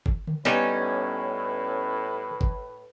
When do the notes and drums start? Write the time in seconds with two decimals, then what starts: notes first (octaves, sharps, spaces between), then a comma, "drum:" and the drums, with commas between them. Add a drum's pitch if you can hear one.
0.06 drum: kick G1
0.27 drum: tom D3
0.45 A2 G3 B3 C#4 D#4 B4, drum: snare
2.41 drum: kick G1